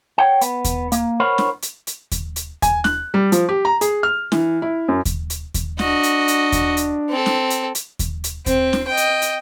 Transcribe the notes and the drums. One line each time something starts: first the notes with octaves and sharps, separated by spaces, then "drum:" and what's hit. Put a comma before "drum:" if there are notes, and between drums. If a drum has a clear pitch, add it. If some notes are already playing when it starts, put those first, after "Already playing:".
C#5 F#5 G5
B3, drum: hi-hat
drum: kick D#2, hi-hat
A#3, drum: hi-hat
A#4 C5 C#5 F#5 B5
drum: snare
drum: hi-hat
drum: hi-hat
drum: kick D#2, hi-hat
drum: hi-hat
G#5, drum: kick D#2, hi-hat
F#6, drum: snare
G3
F3, drum: hi-hat
G4
A#5
G#4, drum: hi-hat
F6
E3, drum: snare
E4
F#2
drum: kick D#2, hi-hat
drum: hi-hat
drum: kick D#2, hi-hat
D4 F#4 D#5, drum: snare
drum: hi-hat
drum: hi-hat
drum: kick D#2, hi-hat
drum: hi-hat
C4 A4
drum: snare
drum: hi-hat
drum: hi-hat
drum: kick D#2, hi-hat
drum: hi-hat
C4, drum: kick D#2, hi-hat
drum: snare
D#5 G5
drum: hi-hat
drum: hi-hat